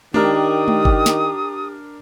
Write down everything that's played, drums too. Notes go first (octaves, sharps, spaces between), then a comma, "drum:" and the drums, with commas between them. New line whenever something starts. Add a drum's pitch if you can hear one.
D#3 D4 G4 A#4 D#6, drum: tom G#3
drum: tom G#3
drum: kick
drum: snare